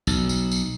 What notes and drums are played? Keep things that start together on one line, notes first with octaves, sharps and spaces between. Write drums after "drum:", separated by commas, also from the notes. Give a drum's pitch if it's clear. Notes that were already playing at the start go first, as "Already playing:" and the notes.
B1, drum: tambourine
drum: tambourine
drum: tambourine